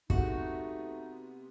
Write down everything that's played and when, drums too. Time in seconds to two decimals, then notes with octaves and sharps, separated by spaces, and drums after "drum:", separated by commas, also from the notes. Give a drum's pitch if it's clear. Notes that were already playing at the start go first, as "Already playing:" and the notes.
0.10 C3 G#3 A3 B3 D#4 F#4, drum: kick